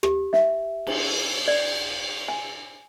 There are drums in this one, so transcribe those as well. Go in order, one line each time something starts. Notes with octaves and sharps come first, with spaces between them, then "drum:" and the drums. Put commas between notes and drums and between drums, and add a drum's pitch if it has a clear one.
G4, drum: rim click
E5, drum: snare
drum: cymbal
D5
G#5